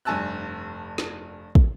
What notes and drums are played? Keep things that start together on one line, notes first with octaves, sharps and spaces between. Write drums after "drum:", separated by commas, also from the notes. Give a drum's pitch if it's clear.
F1 G2 G#5 A5 E6 F#6
drum: snare
drum: kick